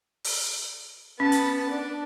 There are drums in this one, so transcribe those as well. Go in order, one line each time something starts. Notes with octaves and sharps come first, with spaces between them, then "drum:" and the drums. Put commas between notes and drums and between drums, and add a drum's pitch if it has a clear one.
drum: open hi-hat
B3 C#4 A5
drum: hi-hat
D4